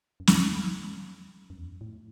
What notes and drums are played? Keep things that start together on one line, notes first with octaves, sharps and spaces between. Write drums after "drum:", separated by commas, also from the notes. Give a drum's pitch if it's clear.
F#2
E2, drum: snare
F#2
E2
F#2
A2